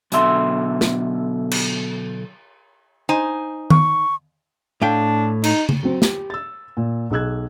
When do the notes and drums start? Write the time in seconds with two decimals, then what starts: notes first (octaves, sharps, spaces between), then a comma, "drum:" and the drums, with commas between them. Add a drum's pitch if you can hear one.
0.12 B1 B2 D3 E5 C6, drum: hi-hat
0.81 drum: snare
1.51 drum: cymbal
3.09 D#4 C5 G#5
3.70 C#6, drum: tom D#3
4.82 A2 D4 F5 G5
5.44 D#4, drum: cymbal
5.69 drum: tom C#3
5.83 F#3 C4
6.02 G4, drum: snare
6.30 E6 A6
6.77 A#2
7.11 B1 G#4 E6 F#6 G#6